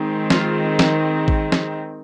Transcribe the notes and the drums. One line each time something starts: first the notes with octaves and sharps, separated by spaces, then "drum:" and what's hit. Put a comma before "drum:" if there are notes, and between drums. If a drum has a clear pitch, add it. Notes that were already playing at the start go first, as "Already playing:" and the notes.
Already playing: D#3 G#3 C4
F4, drum: snare
drum: snare
drum: kick
drum: snare